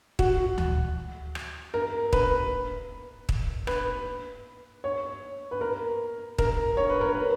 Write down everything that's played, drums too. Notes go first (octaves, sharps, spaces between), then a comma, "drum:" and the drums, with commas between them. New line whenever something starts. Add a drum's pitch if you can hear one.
F#4, drum: kick
drum: tom D2
drum: rim click
A#4
B4, drum: kick
drum: kick
B4, drum: rim click
C#5
B4
A#4
A#4, drum: kick
C#5
B4
A#4
B4